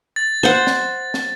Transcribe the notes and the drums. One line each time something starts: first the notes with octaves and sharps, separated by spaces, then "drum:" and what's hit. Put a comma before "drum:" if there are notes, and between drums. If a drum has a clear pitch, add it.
A6
C5 F#5
drum: snare
drum: snare